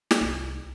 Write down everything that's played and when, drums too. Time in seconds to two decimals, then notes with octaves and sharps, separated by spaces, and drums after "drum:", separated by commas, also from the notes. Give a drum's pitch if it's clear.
0.11 drum: snare
0.21 C2